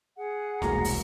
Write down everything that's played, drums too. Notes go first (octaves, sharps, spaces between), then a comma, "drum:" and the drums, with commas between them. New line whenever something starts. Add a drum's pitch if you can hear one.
G#4 F#5
E1 C2 G#3 A#3 F#4 A#5, drum: snare
drum: open hi-hat